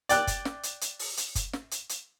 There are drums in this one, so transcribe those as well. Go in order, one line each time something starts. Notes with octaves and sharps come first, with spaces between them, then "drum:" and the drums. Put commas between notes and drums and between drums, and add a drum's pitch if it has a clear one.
D5 G5 F#6, drum: hi-hat
drum: kick, hi-hat
drum: snare
drum: hi-hat
drum: hi-hat
drum: open hi-hat
drum: hi-hat
drum: kick, hi-hat
drum: snare
drum: hi-hat
drum: hi-hat